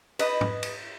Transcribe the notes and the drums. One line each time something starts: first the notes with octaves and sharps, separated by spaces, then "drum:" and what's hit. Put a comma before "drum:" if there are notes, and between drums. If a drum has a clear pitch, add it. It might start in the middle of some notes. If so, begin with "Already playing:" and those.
B4 D#5, drum: cymbal
drum: tom G#2
drum: cymbal